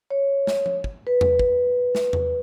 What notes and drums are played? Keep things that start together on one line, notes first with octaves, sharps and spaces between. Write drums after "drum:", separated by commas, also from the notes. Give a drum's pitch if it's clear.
C#5
drum: snare
drum: tom F3
drum: kick
B4
drum: tom E2
drum: kick
drum: snare
drum: tom E2